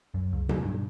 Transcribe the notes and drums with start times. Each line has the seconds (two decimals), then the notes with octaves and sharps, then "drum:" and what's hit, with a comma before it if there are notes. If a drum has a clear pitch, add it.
0.14 F#2
0.32 C#2
0.49 F#3, drum: tom B2
0.63 G2